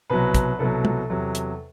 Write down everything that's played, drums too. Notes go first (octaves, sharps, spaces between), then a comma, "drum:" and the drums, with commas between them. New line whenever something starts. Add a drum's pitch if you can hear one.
C2 B2 F#3 B4
drum: kick, hi-hat
C2 B2 F#3 A4
drum: tom
E2 C3 F#3
drum: hi-hat